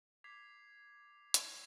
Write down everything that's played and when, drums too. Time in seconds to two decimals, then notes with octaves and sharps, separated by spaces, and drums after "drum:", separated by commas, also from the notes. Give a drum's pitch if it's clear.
0.24 D6 G#6 B6 C7 F7
1.34 drum: hi-hat